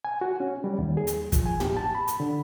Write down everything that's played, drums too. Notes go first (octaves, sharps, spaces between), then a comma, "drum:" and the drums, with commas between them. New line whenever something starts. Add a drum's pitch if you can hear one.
G#5
F#4
C#4
G3
D#2
G#4
drum: hi-hat
F3, drum: kick, hi-hat
G#5
G4, drum: tom
A5
B5
drum: hi-hat
D3